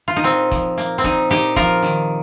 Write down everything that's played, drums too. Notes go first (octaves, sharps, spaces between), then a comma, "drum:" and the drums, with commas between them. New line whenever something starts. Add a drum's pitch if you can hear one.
F4
D#4
A#2 C4, drum: hi-hat
F3, drum: kick F1, hi-hat
A#3, drum: hi-hat
C4
A#2 D#4, drum: kick F1, hi-hat
A#2 D#4 G4, drum: hi-hat
F3 F4 A#4, drum: kick F1, hi-hat
D#3, drum: hi-hat